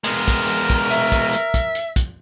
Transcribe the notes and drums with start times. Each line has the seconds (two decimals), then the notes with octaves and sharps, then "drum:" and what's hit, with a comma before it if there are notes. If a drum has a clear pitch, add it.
0.04 G#3 B3 A#4, drum: hi-hat
0.28 drum: kick, hi-hat
0.49 drum: hi-hat
0.70 drum: kick, hi-hat
0.91 E5, drum: hi-hat
1.12 drum: kick, hi-hat
1.33 drum: hi-hat
1.54 drum: kick, hi-hat
1.75 drum: hi-hat
1.96 drum: kick, hi-hat